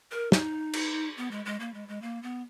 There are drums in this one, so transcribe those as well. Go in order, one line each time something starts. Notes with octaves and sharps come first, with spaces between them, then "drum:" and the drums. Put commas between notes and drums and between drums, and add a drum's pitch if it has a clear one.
A#4
D#4, drum: snare
drum: cymbal
B3
G#3
G#3
A#3
G#3
G#3
A#3
B3